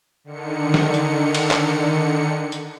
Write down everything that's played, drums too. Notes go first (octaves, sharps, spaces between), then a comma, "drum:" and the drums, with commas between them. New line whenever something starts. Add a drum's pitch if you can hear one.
D3 D#3 C#7
drum: snare
drum: hi-hat
drum: cymbal
drum: clap
drum: hi-hat